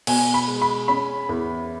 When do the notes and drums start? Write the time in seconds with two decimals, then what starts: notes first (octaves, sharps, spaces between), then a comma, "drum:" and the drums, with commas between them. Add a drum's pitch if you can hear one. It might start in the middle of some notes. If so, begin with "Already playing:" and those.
0.07 B2 G#5, drum: cymbal
0.34 B5
0.48 G#3
0.62 B5
0.88 C#4 B5
1.29 E2